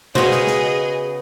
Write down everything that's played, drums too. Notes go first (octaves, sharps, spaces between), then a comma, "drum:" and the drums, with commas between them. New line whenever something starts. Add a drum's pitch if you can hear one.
C#3 B3 F#4 G#4 C5 D#5, drum: tom B2
drum: snare
drum: snare